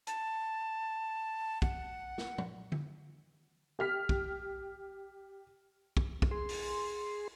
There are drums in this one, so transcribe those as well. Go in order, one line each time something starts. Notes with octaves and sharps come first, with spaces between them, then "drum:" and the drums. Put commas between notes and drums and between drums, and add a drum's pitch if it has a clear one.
A5, drum: hi-hat
F#5, drum: kick
drum: snare
drum: tom
drum: tom D3
G4 F6 B6
drum: kick
drum: kick
drum: kick
G#4 C6
drum: open hi-hat